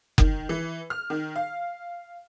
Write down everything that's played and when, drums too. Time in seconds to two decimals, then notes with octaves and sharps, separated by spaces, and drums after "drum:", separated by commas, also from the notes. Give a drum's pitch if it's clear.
0.18 D#3, drum: kick F#1
0.49 E3
0.90 F6
1.10 D#3
1.36 F5